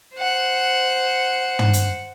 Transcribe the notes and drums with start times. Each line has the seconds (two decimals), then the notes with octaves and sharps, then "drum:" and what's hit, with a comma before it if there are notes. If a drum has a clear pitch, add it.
0.17 C5 F#5
1.59 drum: tom
1.73 drum: hi-hat